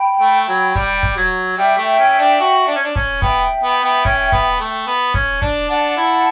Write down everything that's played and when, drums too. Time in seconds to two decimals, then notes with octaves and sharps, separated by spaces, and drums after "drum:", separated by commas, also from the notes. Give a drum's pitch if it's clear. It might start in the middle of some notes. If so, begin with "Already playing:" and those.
Already playing: G5 B5
0.20 A3
0.48 F#3
0.75 G3, drum: kick
1.03 drum: kick
1.17 F#3
1.57 G3 E5 G5
1.78 A3
1.99 C#4
2.19 D4
2.41 F#4
2.67 D4
2.76 C#4
2.84 D4
2.96 C#4, drum: kick
3.22 B3 E5 G5, drum: kick
3.64 B3
3.84 B3
4.05 C#4, drum: kick
4.32 B3, drum: kick
4.60 A3
4.87 B3
5.14 C#4, drum: kick
5.42 D4, drum: kick
5.69 D4 F#5 A5
5.97 E4